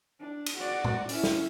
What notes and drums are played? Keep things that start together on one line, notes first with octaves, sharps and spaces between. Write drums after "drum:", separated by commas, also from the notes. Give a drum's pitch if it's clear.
D4
drum: cymbal
F#4 D5
drum: tom A2
C#4 E4, drum: open hi-hat
drum: snare